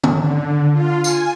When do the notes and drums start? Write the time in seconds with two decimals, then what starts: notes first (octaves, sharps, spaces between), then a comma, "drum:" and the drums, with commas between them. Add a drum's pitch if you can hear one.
0.04 drum: tom
0.16 D3
0.72 F4
1.04 G#5, drum: tambourine